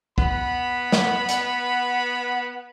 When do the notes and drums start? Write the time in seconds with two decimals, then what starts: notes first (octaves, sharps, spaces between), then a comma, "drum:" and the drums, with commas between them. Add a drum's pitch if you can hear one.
0.18 B3 F#5 B5, drum: kick
0.92 drum: snare
1.29 drum: hi-hat